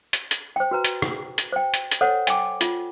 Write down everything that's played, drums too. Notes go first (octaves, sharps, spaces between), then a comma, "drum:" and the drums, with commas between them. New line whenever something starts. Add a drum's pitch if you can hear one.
drum: hi-hat
drum: hi-hat
C5 G5
F#4 B4 A#5
drum: hi-hat
drum: rim click
drum: hi-hat
C5 G5
drum: hi-hat
drum: hi-hat
A4 C5 C#5 F#5
G5 G#5 D6, drum: hi-hat
F4, drum: hi-hat